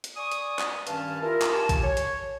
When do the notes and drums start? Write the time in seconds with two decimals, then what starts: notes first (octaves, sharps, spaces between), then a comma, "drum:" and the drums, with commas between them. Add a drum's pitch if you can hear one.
0.04 drum: hi-hat
0.17 D5 G#5 C#6 D#6
0.32 drum: hi-hat
0.59 drum: clap
0.87 G2 D#3 C#4 B4 F5 A5, drum: hi-hat
1.22 E4 F4 G4 A#4
1.42 drum: clap
1.53 F4 G4 G#5 A5
1.69 drum: kick A1, hi-hat
1.84 C#5
1.97 drum: hi-hat